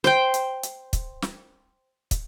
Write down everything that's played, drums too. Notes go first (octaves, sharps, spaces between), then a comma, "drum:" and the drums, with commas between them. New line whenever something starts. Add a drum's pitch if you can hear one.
C5 G5, drum: snare
drum: hi-hat
drum: hi-hat
drum: kick, hi-hat
drum: snare
drum: kick, hi-hat